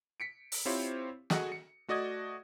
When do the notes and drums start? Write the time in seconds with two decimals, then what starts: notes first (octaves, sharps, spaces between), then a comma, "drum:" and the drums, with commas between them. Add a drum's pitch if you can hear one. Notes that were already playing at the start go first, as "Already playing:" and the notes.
0.20 B6 C#7 D7
0.52 drum: open hi-hat
0.65 C4 E4 F4 G4 C5 C#5
1.30 F#4 G#4 A4 D#5 F#5 G#5, drum: snare
1.52 C#7
1.88 A3 F#4 D5 D#5 D#6 G#6